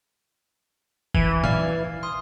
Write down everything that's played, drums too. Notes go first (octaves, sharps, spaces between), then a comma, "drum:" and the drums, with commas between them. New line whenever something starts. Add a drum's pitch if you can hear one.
E3 G#6, drum: kick
D5 F5 F6, drum: tom
C6 D#6